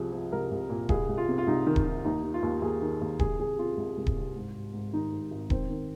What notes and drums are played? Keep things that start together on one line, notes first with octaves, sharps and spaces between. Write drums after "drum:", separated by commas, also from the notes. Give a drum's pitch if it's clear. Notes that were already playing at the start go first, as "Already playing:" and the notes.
Already playing: C2 F3 G#4
F3
C2 A#4
C2
A#2
C2 G#4, drum: kick D#1
C2
F4
C3
F4
C2 D#4
D#3
drum: kick D#1
D#3
D#2 D#4
D#3
F4
D#2
D#2 G#4
D#3
D#2
C2 G#4, drum: kick D#1
C2 G#4
C3 F4
C2
C2
drum: kick D#1
C2
G#2
G#1
G#2
D#3 D#4
G#2
G#1
D#3 C4, drum: kick D#1
D#3